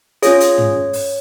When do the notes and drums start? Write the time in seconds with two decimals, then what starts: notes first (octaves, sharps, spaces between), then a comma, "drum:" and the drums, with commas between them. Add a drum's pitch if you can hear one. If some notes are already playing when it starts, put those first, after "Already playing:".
0.22 C#4 F4 G#4 C#5, drum: hi-hat
0.40 drum: hi-hat
0.58 drum: tom
0.93 drum: open hi-hat